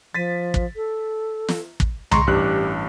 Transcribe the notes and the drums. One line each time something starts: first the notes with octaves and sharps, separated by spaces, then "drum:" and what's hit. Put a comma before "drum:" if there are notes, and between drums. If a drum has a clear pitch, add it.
F3 A6 B6 D#7
drum: kick
A4
drum: snare
drum: kick
G#3 A#5 C6 C#6, drum: tom C2
A1 G2 G4 F#6